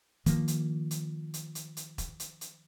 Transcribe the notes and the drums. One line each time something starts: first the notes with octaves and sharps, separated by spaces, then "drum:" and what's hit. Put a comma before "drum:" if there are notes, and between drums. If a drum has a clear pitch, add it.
D#3 F3 A#3, drum: kick E1, hi-hat
drum: hi-hat
drum: hi-hat
drum: hi-hat
drum: hi-hat
drum: hi-hat
drum: kick E1, hi-hat
drum: hi-hat
drum: hi-hat